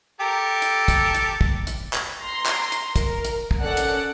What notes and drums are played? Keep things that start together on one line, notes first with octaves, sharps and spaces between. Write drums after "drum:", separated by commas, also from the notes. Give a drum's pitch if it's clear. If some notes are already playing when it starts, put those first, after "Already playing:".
G4 A4 A#4
drum: hi-hat
drum: kick, hi-hat
drum: hi-hat
drum: kick
drum: hi-hat
drum: clap
A#5 C6
drum: clap
drum: hi-hat
A#4, drum: kick, hi-hat
drum: hi-hat
drum: kick
C#4 A4 D5 F#5
drum: hi-hat